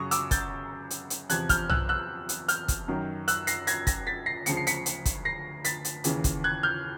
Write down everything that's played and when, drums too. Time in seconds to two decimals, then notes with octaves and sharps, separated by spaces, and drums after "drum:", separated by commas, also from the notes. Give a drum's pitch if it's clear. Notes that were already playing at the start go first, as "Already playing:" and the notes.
Already playing: F#2 C#3 F#3 C#6 D#6
0.11 D6 E6, drum: hi-hat
0.31 G6 A6, drum: kick, hi-hat
0.90 drum: hi-hat
1.10 drum: hi-hat
1.30 E2 C3 F3 F#6 G#6, drum: hi-hat
1.49 F6 G6, drum: kick, hi-hat
1.69 E6 F#6, drum: tom
1.89 E6 F#6
2.29 drum: hi-hat
2.48 F6 G6, drum: hi-hat
2.68 drum: kick, hi-hat
2.88 F#2 D#3 F#3
3.28 E6 F#6, drum: hi-hat
3.47 A#6 C7, drum: hi-hat
3.67 G#6 A#6, drum: hi-hat
3.87 G#6 A#6, drum: kick, hi-hat
4.07 A6 B6
4.26 A#6 C7
4.46 D2 C#3 F3 C#7, drum: hi-hat
4.57 C7
4.67 B6 C#7, drum: hi-hat
4.86 drum: hi-hat
5.06 drum: kick, hi-hat
5.25 A#6 C7
5.65 A6 B6, drum: hi-hat
5.85 drum: hi-hat
6.04 D#2 C#3 E3, drum: hi-hat
6.24 drum: kick, hi-hat
6.44 F#6 G#6
6.63 F6 G6